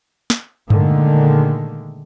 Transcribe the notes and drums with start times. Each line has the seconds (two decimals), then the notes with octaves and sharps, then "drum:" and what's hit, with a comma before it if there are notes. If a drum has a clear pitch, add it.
0.30 drum: snare
0.70 A#2 D3 D#3 G#3 A3, drum: tom G2